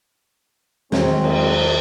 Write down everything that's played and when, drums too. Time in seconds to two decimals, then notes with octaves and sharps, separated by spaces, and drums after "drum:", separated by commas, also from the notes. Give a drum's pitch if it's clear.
0.92 E2 D#3 F#3 G#3 C4, drum: snare
1.24 drum: cymbal